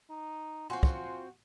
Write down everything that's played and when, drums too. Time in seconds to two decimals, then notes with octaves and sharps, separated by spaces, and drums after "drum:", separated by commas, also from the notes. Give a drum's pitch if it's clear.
0.10 D#4
0.70 C4 F4 F#4 F#5 G#5 C6
0.83 drum: kick